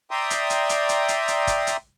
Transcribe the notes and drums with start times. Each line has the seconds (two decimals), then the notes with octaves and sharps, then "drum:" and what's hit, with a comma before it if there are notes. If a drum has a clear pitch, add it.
0.11 D5 E5 G5 A#5 C6 D#6
0.30 drum: hi-hat
0.50 drum: hi-hat
0.69 drum: hi-hat
0.89 drum: hi-hat
1.08 drum: hi-hat
1.28 drum: hi-hat
1.47 drum: kick, hi-hat
1.67 drum: hi-hat